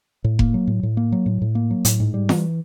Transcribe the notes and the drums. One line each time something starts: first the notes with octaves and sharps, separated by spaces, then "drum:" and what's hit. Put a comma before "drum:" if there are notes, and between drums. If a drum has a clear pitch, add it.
A2
A#3, drum: kick F1
F#3
A2
A2
A#3
F#3
A2
A2
A#3
F#3
A2, drum: hi-hat
G#2
G3
E3, drum: snare